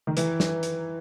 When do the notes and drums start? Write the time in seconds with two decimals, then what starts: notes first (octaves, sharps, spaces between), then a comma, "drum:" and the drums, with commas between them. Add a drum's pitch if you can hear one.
0.07 D#3
0.17 E3, drum: hi-hat
0.40 drum: snare
0.63 drum: hi-hat